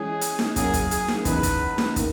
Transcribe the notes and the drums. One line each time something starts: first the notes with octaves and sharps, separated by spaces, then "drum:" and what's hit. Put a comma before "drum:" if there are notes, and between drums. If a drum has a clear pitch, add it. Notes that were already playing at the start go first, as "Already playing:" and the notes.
Already playing: E3 G#3 C#4 E4 G#4
drum: hi-hat
drum: snare D#4
C#3 F#3 A#3 E4 G#4 A#4, drum: kick, hi-hat
drum: kick, hi-hat
G#4, drum: hi-hat
drum: snare D#4
E2 C#3 E3 B3 D#4 B4, drum: kick, hi-hat
drum: kick, hi-hat
drum: snare D#4
D#3 A#3, drum: kick, hi-hat